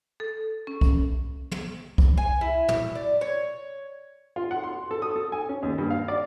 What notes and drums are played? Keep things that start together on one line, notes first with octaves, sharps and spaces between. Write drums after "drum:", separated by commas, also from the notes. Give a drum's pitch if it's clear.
A4
C#4
drum: kick B1
drum: tom
drum: kick B1
G#5
E4
drum: tom
D5
C#5
F4
F#5
C6
A4
D#6
A4
G#5
C#4
D#2
G2
F5
D5